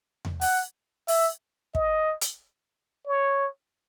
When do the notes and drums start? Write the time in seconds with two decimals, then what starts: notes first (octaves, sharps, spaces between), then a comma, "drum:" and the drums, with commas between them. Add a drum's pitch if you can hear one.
0.25 drum: tom E2
0.41 F#5, drum: open hi-hat
1.08 E5, drum: open hi-hat
1.75 D#5, drum: kick
2.21 drum: hi-hat
3.07 C#5